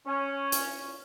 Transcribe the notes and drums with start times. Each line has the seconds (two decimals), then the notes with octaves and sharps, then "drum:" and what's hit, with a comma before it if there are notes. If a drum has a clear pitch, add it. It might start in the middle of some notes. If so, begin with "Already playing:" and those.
0.07 C#4
0.52 drum: hi-hat